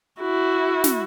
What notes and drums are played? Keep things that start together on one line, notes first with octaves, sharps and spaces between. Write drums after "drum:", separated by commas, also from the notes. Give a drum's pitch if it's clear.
E4 F#4
drum: snare